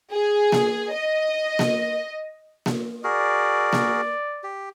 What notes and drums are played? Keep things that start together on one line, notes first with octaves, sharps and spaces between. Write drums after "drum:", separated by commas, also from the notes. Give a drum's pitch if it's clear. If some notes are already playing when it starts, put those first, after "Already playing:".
G#4
drum: snare A#3
D#5
drum: snare A#3
drum: snare A#3
F#4 G#4 A#4 D5
drum: snare A#3
G4